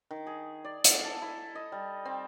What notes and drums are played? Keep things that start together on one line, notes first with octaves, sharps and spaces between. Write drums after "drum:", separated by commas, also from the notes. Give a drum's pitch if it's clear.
D#3
G#4
D5
drum: hi-hat
A4
E4
D#5
G3
C4